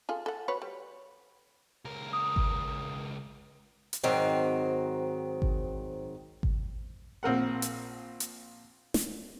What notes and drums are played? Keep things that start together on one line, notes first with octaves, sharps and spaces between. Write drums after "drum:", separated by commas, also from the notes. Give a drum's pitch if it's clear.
F4 G#4 A4
A4 F#5
F#4 B4 C#5
G3
C#2 A#4
D#6
drum: kick G#1
drum: hi-hat
G#2 D#3 F#3 C4
drum: kick G#1
drum: kick G#1
A#1 C4 A#4 F#5
drum: hi-hat
drum: hi-hat
drum: snare